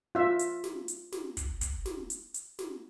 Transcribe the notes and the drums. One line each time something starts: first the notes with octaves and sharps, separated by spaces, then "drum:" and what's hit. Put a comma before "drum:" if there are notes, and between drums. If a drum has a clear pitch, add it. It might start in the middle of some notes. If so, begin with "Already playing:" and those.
F4 E5
drum: hi-hat
drum: snare
drum: hi-hat
drum: snare
drum: kick, hi-hat
drum: kick, hi-hat
drum: snare
drum: hi-hat
drum: hi-hat
drum: snare